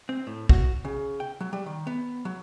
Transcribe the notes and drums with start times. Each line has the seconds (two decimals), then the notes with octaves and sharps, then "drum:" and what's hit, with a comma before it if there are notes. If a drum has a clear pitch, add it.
0.09 C4
0.27 A2
0.49 F#4, drum: kick
0.85 C#3
1.20 G5
1.41 F#3
1.53 G3
1.66 D#3
1.87 B3
2.25 F#3